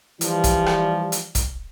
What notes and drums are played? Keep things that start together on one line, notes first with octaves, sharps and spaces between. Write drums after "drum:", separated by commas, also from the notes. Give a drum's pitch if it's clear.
E3 F3 G3, drum: hi-hat
drum: kick, hi-hat
drum: rim click
drum: hi-hat
drum: kick, hi-hat